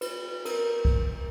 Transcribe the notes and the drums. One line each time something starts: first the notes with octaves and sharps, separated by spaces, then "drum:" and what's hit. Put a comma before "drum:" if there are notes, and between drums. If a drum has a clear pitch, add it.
B4, drum: cymbal
A#4, drum: cymbal
drum: kick